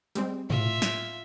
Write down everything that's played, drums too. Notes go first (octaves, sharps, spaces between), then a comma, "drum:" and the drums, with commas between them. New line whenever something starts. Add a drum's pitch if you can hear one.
G3 G#3 C4, drum: hi-hat
A2 F4 E5, drum: tom
drum: snare